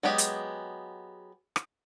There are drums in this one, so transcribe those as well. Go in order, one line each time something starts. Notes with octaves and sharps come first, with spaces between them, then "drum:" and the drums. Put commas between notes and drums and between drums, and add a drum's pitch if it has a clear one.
F#3 G#3 B3 G4 G#4
drum: hi-hat
drum: rim click